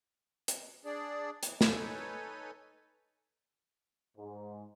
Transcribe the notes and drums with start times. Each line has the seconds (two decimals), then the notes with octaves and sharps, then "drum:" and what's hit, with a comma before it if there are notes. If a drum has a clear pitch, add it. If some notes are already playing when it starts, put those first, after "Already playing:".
0.48 drum: hi-hat
0.85 D4 G#4 D5
1.43 E3, drum: hi-hat
1.61 D#4 A4 B4 C#5 G#5, drum: snare
4.18 G#2